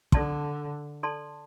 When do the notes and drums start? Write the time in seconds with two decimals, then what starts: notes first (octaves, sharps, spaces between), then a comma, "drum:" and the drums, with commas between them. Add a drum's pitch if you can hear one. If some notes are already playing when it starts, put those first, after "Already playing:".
0.12 D3 A4 D5 A5 C6, drum: kick
1.03 A4 D5 A5 C6